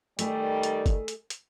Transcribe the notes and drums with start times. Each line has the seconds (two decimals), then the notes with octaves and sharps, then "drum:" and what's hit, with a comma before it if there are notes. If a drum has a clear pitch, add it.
0.19 D#3 G3 A3 G#4 D5, drum: hi-hat
0.63 drum: hi-hat
0.86 drum: kick G1, hi-hat
1.08 drum: hi-hat
1.30 drum: hi-hat